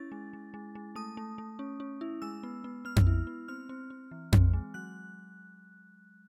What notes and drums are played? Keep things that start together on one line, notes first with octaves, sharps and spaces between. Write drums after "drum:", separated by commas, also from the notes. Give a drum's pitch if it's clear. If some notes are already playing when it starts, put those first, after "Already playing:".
Already playing: C#4 E4 A6
G#3
G#3
G#3
G#3
A3 D#6
A3
A3
C#4
C#4
E4
G#3 E6
B3
B3
B3 F6
drum: tom F2
E4
B3
C4 F6
C4
C4
E3
C4, drum: tom F2
G#3
F#3 F#6